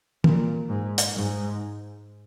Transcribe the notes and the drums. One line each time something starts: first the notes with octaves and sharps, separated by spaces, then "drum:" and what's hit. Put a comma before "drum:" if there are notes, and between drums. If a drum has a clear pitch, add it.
A#2, drum: tom
G#2
drum: hi-hat
G#2